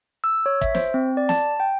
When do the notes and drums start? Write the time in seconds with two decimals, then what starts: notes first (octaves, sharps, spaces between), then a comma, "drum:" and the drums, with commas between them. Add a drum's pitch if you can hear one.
0.24 E6
0.46 C#5
0.61 E5, drum: kick
0.75 C5, drum: snare
0.94 C4
1.17 D5
1.29 A5, drum: snare
1.60 G5